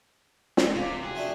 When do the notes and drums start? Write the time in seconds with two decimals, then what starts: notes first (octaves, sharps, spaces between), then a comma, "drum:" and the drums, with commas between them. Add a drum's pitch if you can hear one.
0.57 drum: snare
0.76 C3 F5 D6
1.03 F#4 G#4 G5 G#5
1.15 F3 A3 D4